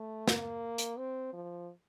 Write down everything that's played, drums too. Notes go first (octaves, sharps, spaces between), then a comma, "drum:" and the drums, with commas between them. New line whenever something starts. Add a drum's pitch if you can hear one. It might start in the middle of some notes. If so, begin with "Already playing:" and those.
Already playing: A3
A#3, drum: snare
drum: hi-hat
C4
F3